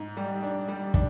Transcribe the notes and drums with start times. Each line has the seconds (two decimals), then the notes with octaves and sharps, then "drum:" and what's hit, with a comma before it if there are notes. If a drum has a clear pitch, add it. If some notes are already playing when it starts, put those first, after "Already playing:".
Already playing: G#2
0.17 G3
0.43 D4
0.68 G3
0.94 D4, drum: kick